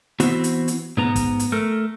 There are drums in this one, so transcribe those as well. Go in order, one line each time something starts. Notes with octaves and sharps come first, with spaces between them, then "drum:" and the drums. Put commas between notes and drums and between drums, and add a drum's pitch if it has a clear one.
E3 B3 C4 E4 F#4, drum: hi-hat
drum: hi-hat
drum: hi-hat
G#2 B3 A#5
drum: kick, hi-hat
drum: hi-hat
A3 A#4